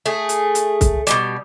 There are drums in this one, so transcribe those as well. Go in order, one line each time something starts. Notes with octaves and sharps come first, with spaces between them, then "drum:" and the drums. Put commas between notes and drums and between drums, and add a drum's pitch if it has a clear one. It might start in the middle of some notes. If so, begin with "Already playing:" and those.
A3 G#4
drum: hi-hat
drum: hi-hat
drum: kick C2, hi-hat
B2 E3 G3, drum: hi-hat